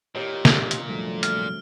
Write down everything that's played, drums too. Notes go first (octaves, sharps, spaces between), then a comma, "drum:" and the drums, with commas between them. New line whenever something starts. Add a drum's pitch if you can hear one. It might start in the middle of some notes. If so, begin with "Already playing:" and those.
A#2 G4 C#5 D#5
drum: snare
drum: hi-hat
C2 F2 D3 F#3 A3
F6, drum: hi-hat